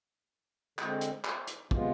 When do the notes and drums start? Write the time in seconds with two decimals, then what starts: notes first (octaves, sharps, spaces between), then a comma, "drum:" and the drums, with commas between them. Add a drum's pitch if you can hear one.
0.78 D3 G#3 C4, drum: clap
1.01 drum: hi-hat
1.24 drum: clap
1.47 drum: hi-hat
1.71 C3 G#3 B3 F4, drum: kick